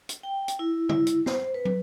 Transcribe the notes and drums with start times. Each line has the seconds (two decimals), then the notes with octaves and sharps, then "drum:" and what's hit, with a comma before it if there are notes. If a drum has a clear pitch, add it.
0.09 drum: hi-hat
0.23 G5
0.48 drum: hi-hat
0.59 E4
0.89 E4, drum: tom C#3
1.07 drum: hi-hat
1.26 C5, drum: snare
1.54 B4
1.65 drum: tom